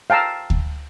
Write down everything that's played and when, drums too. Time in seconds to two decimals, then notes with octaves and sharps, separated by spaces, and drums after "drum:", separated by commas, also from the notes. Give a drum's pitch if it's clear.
0.10 F5 G5 A5 A#5 E6
0.50 drum: kick D2